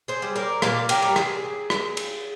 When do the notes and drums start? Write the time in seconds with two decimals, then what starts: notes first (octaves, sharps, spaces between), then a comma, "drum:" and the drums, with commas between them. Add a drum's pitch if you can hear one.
0.08 G#4 C5
0.22 G3
0.36 A#4 D5
0.62 A#2 D5 F5, drum: rim click
0.89 G4 A#4, drum: cymbal
1.02 G3
1.16 G#4, drum: rim click
1.70 drum: rim click
1.97 drum: cymbal